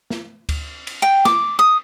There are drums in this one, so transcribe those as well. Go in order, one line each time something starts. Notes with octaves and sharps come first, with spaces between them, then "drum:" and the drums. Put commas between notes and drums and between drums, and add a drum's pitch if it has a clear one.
drum: snare
drum: kick D2, cymbal
drum: cymbal
G5
D6, drum: snare
D#6